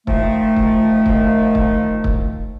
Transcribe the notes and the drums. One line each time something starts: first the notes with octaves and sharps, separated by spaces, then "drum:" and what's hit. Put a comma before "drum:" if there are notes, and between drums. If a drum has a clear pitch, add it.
D#3 F3 A3, drum: kick
drum: kick
drum: kick
drum: kick
drum: kick